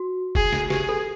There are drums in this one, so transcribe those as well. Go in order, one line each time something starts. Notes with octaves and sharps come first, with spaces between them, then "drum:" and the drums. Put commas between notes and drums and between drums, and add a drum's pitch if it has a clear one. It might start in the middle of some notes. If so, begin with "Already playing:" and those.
Already playing: F#4
G#4, drum: kick F1
drum: snare
G4 G#4, drum: snare
A4